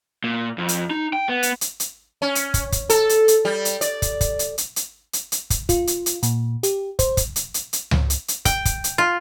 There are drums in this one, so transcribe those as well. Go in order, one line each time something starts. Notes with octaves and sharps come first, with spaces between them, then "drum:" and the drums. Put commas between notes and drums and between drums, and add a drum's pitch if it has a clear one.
A#2
F2
drum: hi-hat
D#4
G5
B3
drum: hi-hat
drum: hi-hat
drum: hi-hat
C#4
drum: hi-hat
drum: kick, hi-hat
drum: kick, hi-hat
A4, drum: hi-hat
drum: hi-hat
drum: hi-hat
G3
drum: hi-hat
D5, drum: hi-hat
drum: kick, hi-hat
drum: kick, hi-hat
drum: hi-hat
drum: hi-hat
drum: hi-hat
drum: hi-hat
drum: hi-hat
drum: kick, hi-hat
F4, drum: kick, hi-hat
drum: hi-hat
drum: hi-hat
A#2, drum: hi-hat
G4, drum: hi-hat
C5, drum: kick, hi-hat
drum: kick, hi-hat
drum: hi-hat
drum: hi-hat
drum: hi-hat
drum: tom C#2
drum: hi-hat
drum: hi-hat
G5, drum: kick, hi-hat
drum: kick, hi-hat
drum: hi-hat
F4